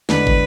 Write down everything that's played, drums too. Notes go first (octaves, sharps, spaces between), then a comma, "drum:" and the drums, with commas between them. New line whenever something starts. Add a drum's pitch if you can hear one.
E2 D3 G#3 D4 B4, drum: snare
drum: kick